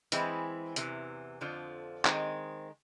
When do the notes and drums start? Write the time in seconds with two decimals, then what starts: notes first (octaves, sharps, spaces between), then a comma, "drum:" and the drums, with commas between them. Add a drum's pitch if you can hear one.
0.12 E3 G#3 C4 E4 G#4, drum: hi-hat
0.76 E2 C3 E3, drum: hi-hat
1.41 F2 D3 F3
2.05 D#3 G#3 C4, drum: clap